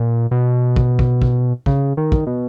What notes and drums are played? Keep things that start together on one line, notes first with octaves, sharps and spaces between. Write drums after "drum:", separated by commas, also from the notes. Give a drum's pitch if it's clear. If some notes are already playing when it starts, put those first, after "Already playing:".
Already playing: A#2
B2
drum: kick
drum: kick
drum: kick
C#3, drum: kick
D#3
drum: kick
B2